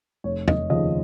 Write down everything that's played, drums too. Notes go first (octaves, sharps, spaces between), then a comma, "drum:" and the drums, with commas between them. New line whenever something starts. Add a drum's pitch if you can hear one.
F1 C#5
D#5, drum: tom
D#2 C#3 F3 D#5